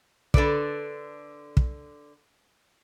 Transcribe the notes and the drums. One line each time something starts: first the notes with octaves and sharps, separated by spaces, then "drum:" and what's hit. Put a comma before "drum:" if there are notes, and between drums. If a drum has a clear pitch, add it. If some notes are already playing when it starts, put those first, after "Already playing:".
D3 A4 B4 D5, drum: kick
drum: kick